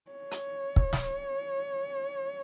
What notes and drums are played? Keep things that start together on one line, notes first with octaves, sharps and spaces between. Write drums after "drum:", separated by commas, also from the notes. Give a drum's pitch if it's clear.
C#5
drum: hi-hat
drum: kick
drum: snare